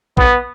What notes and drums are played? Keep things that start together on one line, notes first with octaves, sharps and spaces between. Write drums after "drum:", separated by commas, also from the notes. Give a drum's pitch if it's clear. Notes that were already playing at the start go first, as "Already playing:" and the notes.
B3, drum: kick A1